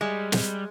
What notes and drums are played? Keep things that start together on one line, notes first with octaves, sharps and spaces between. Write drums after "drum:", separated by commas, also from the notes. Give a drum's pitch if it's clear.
G3 G#3
G3, drum: snare